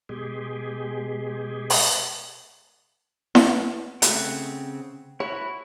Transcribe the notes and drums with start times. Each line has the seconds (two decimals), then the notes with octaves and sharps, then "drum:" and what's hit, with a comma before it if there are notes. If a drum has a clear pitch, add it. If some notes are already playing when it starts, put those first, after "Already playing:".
0.09 B2 G#3 G4 G#4
1.70 drum: open hi-hat
3.35 B3, drum: snare E4
4.02 C#3 A3 C4 F#5, drum: hi-hat
5.20 E4 F#4 C#5 B5